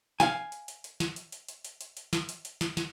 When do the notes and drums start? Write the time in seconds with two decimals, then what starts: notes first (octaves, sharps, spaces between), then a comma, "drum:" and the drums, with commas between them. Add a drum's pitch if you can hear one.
0.20 F5 G#5, drum: snare
0.52 drum: hi-hat
0.68 drum: hi-hat
0.84 drum: hi-hat
1.00 drum: snare
1.16 drum: hi-hat
1.32 drum: hi-hat
1.48 drum: hi-hat
1.65 drum: hi-hat
1.81 drum: hi-hat
1.97 drum: hi-hat
2.13 drum: snare
2.29 drum: hi-hat
2.45 drum: hi-hat
2.61 drum: snare
2.77 drum: snare